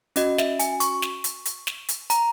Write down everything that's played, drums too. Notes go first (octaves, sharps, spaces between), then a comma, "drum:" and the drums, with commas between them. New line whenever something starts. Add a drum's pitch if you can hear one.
C#4 F#4 D#5, drum: hi-hat
E5, drum: snare
G#5, drum: hi-hat
C#6, drum: hi-hat
drum: snare
drum: hi-hat
drum: hi-hat
drum: snare
drum: hi-hat
A#5, drum: hi-hat